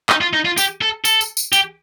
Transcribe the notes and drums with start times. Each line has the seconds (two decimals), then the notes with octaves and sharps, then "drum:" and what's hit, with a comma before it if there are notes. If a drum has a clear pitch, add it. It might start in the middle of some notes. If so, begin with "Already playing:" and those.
0.09 D#4, drum: clap
0.21 F4
0.33 D#4
0.45 F4
0.58 G4, drum: tambourine
0.81 A4
1.05 A4, drum: tambourine
1.21 drum: tambourine
1.37 drum: tambourine
1.53 G4, drum: tambourine